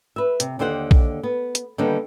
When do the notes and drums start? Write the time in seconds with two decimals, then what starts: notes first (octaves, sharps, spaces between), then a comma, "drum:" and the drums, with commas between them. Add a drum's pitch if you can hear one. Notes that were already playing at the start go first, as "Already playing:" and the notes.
0.16 B4 E5
0.40 C3, drum: hi-hat
0.59 D#2 D3 G4 C5 F5 F#5
0.91 drum: kick
1.23 B3
1.55 drum: hi-hat
1.78 D3 D#3 G3 A#3 B3 D4